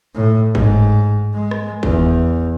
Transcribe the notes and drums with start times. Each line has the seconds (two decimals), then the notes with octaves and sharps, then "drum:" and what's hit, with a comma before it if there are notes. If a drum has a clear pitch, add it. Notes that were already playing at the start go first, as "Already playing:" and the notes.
0.15 A2
0.55 G#2, drum: kick
1.34 G#3
1.51 drum: rim click
1.83 E2, drum: kick